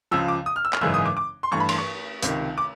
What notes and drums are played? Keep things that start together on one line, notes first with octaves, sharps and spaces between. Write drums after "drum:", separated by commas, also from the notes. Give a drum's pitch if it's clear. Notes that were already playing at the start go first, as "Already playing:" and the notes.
C#2 C#3 F3 E6
D6
D#6
F6
E6
F6, drum: clap
G#1 F#2 C#3 E3 G#3 E6
D#6
D6
D6
C6
G2 E3 A3 C#6
B5
C6, drum: cymbal
C#6
C#2 C3 D#3, drum: hi-hat
D6